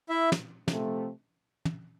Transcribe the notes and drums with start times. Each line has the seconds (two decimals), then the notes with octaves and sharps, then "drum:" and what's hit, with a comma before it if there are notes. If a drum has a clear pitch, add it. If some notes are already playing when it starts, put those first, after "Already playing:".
0.09 E4 E5
0.32 drum: snare
0.68 C3 F3 A3 C4, drum: snare
1.65 drum: tom